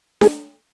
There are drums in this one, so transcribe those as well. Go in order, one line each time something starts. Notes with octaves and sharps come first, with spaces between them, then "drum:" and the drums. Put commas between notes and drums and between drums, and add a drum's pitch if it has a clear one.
G#4, drum: snare D4